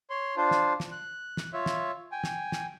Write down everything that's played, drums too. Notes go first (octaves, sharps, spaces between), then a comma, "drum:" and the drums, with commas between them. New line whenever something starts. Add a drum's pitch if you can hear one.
C#5 C6
D4 F4 C5
drum: snare
drum: snare
F#6
drum: snare
F4 C#5 E5
drum: snare
G5 G#5
drum: snare
drum: snare